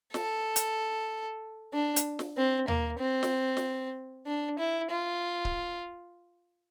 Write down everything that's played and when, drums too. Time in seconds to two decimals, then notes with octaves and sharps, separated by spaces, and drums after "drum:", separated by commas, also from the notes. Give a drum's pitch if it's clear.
0.14 A4, drum: snare
0.56 drum: hi-hat
1.74 D4
1.96 drum: hi-hat
2.19 drum: snare
2.37 C4
2.68 A#3, drum: tom D#2
2.99 C4
3.23 drum: snare
3.57 drum: snare
4.27 D4
4.59 E4
4.90 F4
5.45 drum: kick C#1